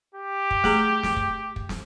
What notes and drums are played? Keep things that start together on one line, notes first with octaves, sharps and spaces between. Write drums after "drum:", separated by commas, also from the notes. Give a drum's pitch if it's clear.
G4
drum: kick
A3 G#4 A#5, drum: snare
drum: snare
drum: kick
drum: kick
drum: snare